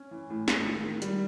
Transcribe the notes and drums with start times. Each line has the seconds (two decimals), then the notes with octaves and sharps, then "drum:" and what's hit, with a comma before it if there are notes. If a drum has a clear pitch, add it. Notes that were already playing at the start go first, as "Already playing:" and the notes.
Already playing: C#4
0.11 E3
0.30 A2
0.48 G#3, drum: snare
0.66 D#3
0.84 D#3
1.02 G3, drum: hi-hat